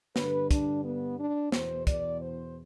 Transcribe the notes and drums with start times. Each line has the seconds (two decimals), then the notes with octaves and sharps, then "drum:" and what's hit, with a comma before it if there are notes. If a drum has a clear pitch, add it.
0.16 G2 D3 B4, drum: snare
0.51 D4, drum: kick, hi-hat
0.84 B3
1.19 D4
1.52 E2 B2 C5, drum: snare
1.87 D5, drum: kick, hi-hat
2.21 C5